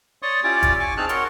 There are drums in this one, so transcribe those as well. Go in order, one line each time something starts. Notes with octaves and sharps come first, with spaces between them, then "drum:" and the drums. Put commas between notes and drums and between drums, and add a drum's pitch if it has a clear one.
C#5 D5 C6 C#6 D#6
C#4 E4 F4 G4 D5 D6
drum: kick, hi-hat
G#5 C#6 D6
C4 D#4 G#4 A5 F6 F#6
F#4 A#4 C#5 F#5 C6, drum: hi-hat